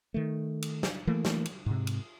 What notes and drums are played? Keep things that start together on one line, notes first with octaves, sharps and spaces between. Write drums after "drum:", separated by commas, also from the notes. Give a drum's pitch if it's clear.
D#3 A3
drum: cymbal
drum: snare
E3 A3 A#3
drum: snare
drum: cymbal
G#2 C3
drum: cymbal